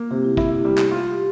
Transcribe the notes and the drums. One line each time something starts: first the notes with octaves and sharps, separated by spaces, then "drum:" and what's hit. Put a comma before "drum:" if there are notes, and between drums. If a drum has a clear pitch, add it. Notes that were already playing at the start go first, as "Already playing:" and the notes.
Already playing: A#3
C3 G4
E4
E4 G4, drum: kick
G3 G4
drum: clap
F4 G4